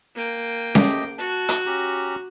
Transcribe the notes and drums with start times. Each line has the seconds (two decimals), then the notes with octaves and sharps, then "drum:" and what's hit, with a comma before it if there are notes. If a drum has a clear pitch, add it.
0.15 A#3 G5
0.75 A3 G4 D#5, drum: snare C#4
1.18 F#4 A5
1.49 drum: hi-hat
1.66 C#4 G4 A#5